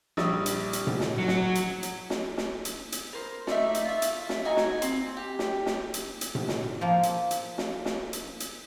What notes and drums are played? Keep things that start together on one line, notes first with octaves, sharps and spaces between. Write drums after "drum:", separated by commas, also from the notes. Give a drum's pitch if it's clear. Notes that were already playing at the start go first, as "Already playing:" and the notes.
A#1 G3 D4 D5 D#6 E6, drum: snare
drum: hi-hat
drum: hi-hat
drum: tom A2
drum: snare
F#3
drum: snare
drum: hi-hat
drum: hi-hat
drum: snare
drum: snare
drum: hi-hat
drum: hi-hat
A#4 C5
A3 D#4 D5 E5, drum: snare
drum: hi-hat
F4 E5
drum: hi-hat
drum: snare
D#4 F#4 G#5 A#5
drum: snare
C4, drum: hi-hat
G4
drum: snare
drum: snare
drum: hi-hat
drum: hi-hat
drum: tom A2
drum: snare
F3 A#3
drum: hi-hat
drum: hi-hat
drum: snare
drum: snare
drum: hi-hat
drum: hi-hat